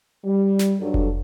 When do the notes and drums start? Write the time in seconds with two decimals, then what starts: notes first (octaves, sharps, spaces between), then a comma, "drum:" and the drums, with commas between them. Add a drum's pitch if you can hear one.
0.24 G3
0.59 drum: snare
0.81 G2 F#3 D4 A4
0.94 drum: kick F1